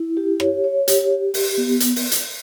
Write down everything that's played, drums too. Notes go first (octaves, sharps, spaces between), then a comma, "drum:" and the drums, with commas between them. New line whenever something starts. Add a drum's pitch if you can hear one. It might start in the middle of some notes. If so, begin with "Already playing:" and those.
Already playing: E4
G4
C#5, drum: rim click
C#5
G4, drum: hi-hat
G4
G4, drum: open hi-hat
B3
drum: hi-hat
drum: open hi-hat
drum: hi-hat